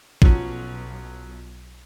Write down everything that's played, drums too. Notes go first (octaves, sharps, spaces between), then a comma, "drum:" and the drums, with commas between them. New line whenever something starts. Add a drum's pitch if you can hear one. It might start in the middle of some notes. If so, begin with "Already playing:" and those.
B1 F3 F#3 C#4, drum: kick A#1